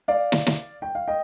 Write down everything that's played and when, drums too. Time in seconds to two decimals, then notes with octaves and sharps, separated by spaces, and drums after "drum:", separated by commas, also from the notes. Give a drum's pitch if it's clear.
0.08 D5 F5
0.32 drum: snare
0.47 drum: snare
0.82 G5
0.95 F5
1.08 D#5 G5